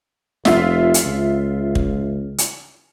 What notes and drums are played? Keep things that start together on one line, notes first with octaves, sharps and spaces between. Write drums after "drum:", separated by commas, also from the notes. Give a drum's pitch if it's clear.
F1 F4 E5, drum: snare
drum: hi-hat
C#2
drum: kick
drum: hi-hat